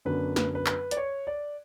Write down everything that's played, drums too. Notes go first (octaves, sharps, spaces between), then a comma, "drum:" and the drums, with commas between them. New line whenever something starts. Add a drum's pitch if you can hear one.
F#2 D3 F#3 B3 D4 B4
B4, drum: snare
B4
B4, drum: clap
D5, drum: hi-hat
C#5
D5